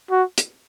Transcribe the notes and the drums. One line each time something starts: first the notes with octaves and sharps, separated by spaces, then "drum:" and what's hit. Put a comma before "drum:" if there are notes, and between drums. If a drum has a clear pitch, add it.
F#4
drum: hi-hat